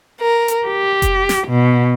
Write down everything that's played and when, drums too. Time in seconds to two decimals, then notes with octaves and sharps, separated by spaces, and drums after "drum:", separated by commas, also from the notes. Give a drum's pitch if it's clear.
0.21 A#4
0.48 drum: hi-hat
0.68 G4
1.02 drum: kick F1, hi-hat
1.29 drum: snare
1.48 B2